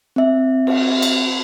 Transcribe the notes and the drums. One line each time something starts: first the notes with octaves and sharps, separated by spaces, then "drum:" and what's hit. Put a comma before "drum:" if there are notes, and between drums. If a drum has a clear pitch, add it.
C4 E5
drum: cymbal
drum: cymbal